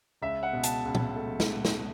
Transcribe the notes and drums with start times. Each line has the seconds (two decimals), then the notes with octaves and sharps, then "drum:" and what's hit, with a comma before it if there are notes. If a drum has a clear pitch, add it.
0.22 C#2 E5
0.43 F#5
0.53 B2
0.64 A5, drum: hi-hat
0.85 C#2
0.95 drum: tom
1.16 A3
1.40 drum: snare
1.65 drum: snare